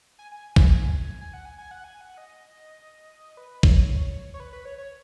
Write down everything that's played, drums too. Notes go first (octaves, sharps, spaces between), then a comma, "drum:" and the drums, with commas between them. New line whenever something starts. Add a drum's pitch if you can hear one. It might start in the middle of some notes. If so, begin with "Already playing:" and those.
G#5
G#5
drum: kick
G#5
F#5
G#5
G#5
F#5
G#5
F#5
D#5
B4
C#5, drum: kick
C#5
B4
B4
C#5
C#5